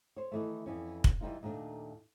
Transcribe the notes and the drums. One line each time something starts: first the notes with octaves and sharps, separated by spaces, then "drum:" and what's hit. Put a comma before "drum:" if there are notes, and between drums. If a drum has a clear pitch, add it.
C5 C#5
D#3 E3 A3
F2 E3 C#4
drum: kick
E3 G3 D#4 F4
D#2 A#2 A3 D4